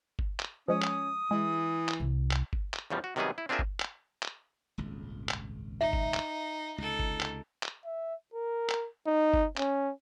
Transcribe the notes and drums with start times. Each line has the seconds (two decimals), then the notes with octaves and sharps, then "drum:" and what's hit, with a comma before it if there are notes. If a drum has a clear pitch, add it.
0.19 drum: kick G1
0.40 drum: clap
0.68 F3 G#3 C#4 D#6
0.83 drum: clap
1.31 E3 G#3
1.89 drum: clap
2.00 C2
2.31 drum: clap
2.53 drum: kick G1
2.74 drum: clap
2.90 E2 C#3 F3 G3
3.04 F#4
3.16 C3 D#3 F#3 G3 B3 G#4
3.38 E4
3.49 C4 D4 F4 G#4 A#4 E5
3.59 drum: kick G1
3.80 drum: clap
4.23 drum: clap
4.78 D#1 G#1 C#2
5.29 drum: clap
5.81 D#4 E5
5.93 drum: kick G1
6.14 drum: clap
6.78 C#2 C3 D#4 A4
7.00 drum: kick G1
7.21 drum: clap
7.63 drum: clap
7.85 E5
8.34 A#4
8.70 drum: clap
9.07 D#4
9.34 drum: kick G1
9.58 C#4, drum: clap